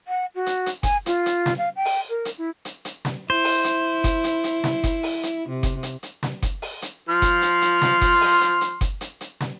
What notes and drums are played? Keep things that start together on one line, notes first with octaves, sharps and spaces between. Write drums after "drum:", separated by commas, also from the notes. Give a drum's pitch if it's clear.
F#5
F#4
drum: hi-hat
drum: hi-hat
G#5, drum: kick F#1, hi-hat
F4, drum: hi-hat
drum: hi-hat
drum: snare
F5
G5
drum: open hi-hat
A#4
drum: hi-hat
E4
drum: hi-hat
drum: hi-hat
drum: snare
E4 C5
drum: open hi-hat
drum: hi-hat
drum: kick F#1, hi-hat
drum: hi-hat
drum: hi-hat
drum: snare
drum: kick F#1, hi-hat
drum: open hi-hat
drum: hi-hat
C3
drum: kick F#1, hi-hat
drum: hi-hat
drum: hi-hat
drum: snare
drum: kick F#1, hi-hat
drum: open hi-hat
drum: hi-hat
F3 C6 F6
drum: kick F#1, hi-hat
drum: hi-hat
drum: hi-hat
drum: snare
drum: kick F#1, hi-hat
drum: open hi-hat
drum: hi-hat
drum: hi-hat
drum: kick F#1, hi-hat
drum: hi-hat
drum: hi-hat
drum: snare